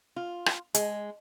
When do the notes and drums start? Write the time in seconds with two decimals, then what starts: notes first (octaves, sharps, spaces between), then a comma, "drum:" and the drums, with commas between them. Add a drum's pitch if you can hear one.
0.16 F4
0.46 drum: rim click
0.74 G#3, drum: hi-hat